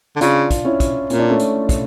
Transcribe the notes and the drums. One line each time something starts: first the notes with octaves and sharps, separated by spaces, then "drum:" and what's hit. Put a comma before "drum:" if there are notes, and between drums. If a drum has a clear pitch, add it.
D3
C#3 D4 F4, drum: hi-hat
drum: kick, hi-hat
C#4 E4
drum: kick, hi-hat
A#2 C#4, drum: hi-hat
D4
A3 C#4
drum: hi-hat
drum: kick, hi-hat